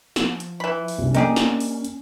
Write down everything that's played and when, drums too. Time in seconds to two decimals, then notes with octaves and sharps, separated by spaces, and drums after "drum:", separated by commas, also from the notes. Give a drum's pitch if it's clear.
0.16 F3, drum: snare
0.40 drum: hi-hat
0.60 E3 B5
0.88 drum: open hi-hat
0.98 C2 C#4 D4
1.14 A#3 D4 D#4 G4 G#4, drum: hi-hat
1.36 drum: snare
1.60 drum: open hi-hat
1.85 drum: hi-hat